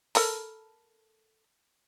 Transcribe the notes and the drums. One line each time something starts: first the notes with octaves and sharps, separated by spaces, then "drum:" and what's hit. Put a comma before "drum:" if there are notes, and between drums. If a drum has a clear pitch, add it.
A4 A#4 B5, drum: open hi-hat